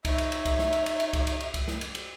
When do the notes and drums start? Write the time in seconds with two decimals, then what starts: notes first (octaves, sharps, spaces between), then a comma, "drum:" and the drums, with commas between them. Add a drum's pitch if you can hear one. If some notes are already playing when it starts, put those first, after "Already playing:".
0.05 D#4 C#5 E5, drum: kick C2, cymbal
0.18 drum: cymbal
0.32 drum: cymbal
0.45 drum: kick C2, cymbal
0.59 drum: snare
0.73 drum: cymbal
0.86 drum: cymbal
1.00 drum: cymbal
1.13 drum: kick C2, cymbal
1.27 drum: cymbal
1.40 drum: cymbal
1.54 drum: kick C2, cymbal
1.68 drum: snare
1.81 drum: cymbal
1.95 drum: cymbal